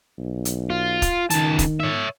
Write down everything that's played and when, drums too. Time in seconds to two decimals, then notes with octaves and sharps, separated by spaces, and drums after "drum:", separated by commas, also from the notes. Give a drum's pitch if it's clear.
0.18 B1
0.45 drum: hi-hat
0.70 F4
1.02 drum: kick, hi-hat
1.30 C#2 D#3 A5, drum: hi-hat
1.59 drum: kick, hi-hat
1.80 C#5 E5